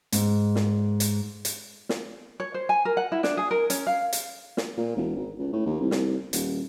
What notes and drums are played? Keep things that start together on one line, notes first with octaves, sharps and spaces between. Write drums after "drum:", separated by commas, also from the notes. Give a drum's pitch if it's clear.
G#2, drum: hi-hat
drum: snare
drum: hi-hat
drum: hi-hat
drum: snare
C#5
C5
G#5
A#4
F#5
E4
D4, drum: snare
G#4
A#4
C#4, drum: hi-hat
F5
drum: hi-hat
drum: snare
A#2
E1
G#1
C#2
A2
D#2
C2
drum: snare
D#1, drum: hi-hat